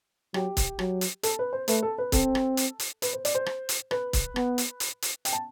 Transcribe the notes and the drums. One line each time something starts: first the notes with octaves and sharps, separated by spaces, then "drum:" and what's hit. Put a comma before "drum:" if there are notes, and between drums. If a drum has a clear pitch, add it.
F#3 G4, drum: rim click
drum: kick C#1, hi-hat
F#3, drum: rim click
drum: hi-hat
A4, drum: hi-hat
B4
C5
A3 B4, drum: hi-hat
A4
B4
C4 A4, drum: kick C#1, hi-hat
drum: rim click
drum: hi-hat
drum: hi-hat
B4, drum: hi-hat
C5
D5, drum: hi-hat
C5
drum: rim click
drum: hi-hat
B4, drum: rim click
drum: kick C#1, hi-hat
B3, drum: rim click
drum: hi-hat
drum: hi-hat
drum: hi-hat
G5, drum: hi-hat
A5